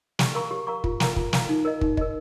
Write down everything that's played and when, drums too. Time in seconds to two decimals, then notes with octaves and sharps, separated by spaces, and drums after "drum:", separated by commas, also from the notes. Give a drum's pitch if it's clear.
0.19 G4, drum: snare
0.35 A#4 F5 A#5 C#6
0.51 G4
0.67 A#4 F5 A#5 C#6
0.84 F4, drum: kick
1.00 A#4 F5 A#5, drum: snare
1.16 F4, drum: kick
1.33 A#4 F5 A#5, drum: snare
1.49 D#4
1.65 A#4 D#5
1.81 D#4, drum: kick
1.97 A#4 D#5, drum: kick